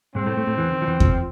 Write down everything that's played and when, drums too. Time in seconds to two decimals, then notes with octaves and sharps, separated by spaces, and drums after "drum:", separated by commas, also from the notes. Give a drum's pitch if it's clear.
0.15 G#2 G#3 C4
0.26 A2 A3
0.36 A2 A3
0.47 A2 A3
0.58 E2 E3
0.72 D#3
0.82 F3
0.87 E2 E3
1.00 F2 F3, drum: kick E2